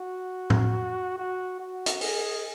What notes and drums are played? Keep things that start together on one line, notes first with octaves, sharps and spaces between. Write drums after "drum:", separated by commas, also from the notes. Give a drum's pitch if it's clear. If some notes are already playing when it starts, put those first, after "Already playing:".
Already playing: F#4
drum: tom
F#4
F#4
drum: hi-hat
G#4, drum: open hi-hat